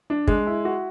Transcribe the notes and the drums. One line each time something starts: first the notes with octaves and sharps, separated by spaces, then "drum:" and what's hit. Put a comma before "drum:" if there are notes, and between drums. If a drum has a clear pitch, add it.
D4
G#3, drum: kick
E4
F#4